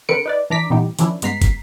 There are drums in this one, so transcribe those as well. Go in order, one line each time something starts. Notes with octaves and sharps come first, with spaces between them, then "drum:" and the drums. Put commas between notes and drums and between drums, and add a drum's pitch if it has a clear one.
D3 C4 A#4 B4 C#7 D7
D#4 B4 D5
E3 D4 A#5 D6 B6
A#2 E3 G3 B3 D#4 G4
D#3 F3 C#4 D4 E4, drum: hi-hat
G2 G#3 B3 A#5 B6 C7, drum: hi-hat
drum: kick, hi-hat